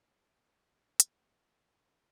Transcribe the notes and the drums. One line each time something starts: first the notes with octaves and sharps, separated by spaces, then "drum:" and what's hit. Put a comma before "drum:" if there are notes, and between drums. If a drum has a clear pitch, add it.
B5
F6
A6
F6
C#6
F6, drum: hi-hat
D6
F5
F6
D#7
C7